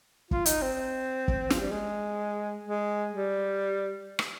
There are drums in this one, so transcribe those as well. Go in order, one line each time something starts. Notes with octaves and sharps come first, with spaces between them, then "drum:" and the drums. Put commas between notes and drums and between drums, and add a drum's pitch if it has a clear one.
F4, drum: kick
D#4, drum: hi-hat
C4
drum: kick
F3, drum: snare
G3
G#3
G#3
G3
drum: rim click